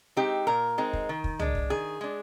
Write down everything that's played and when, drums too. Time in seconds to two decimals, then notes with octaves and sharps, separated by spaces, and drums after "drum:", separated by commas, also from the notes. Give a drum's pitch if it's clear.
0.17 G#3 C4 D#4 G4
0.47 A#2 A#4
0.78 G#3 C4 D#4
0.93 drum: kick
1.09 D#3
1.24 drum: kick
1.40 G#3 D4, drum: tom
1.55 drum: kick
1.70 D#3 G#4
2.01 G#3 D4